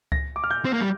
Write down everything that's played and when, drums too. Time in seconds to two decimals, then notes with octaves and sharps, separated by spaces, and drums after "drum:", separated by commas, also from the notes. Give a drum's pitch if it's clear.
0.12 A#6, drum: kick C#2
0.36 D6
0.44 F6
0.51 G6
0.65 C4
0.73 A#3
0.81 G3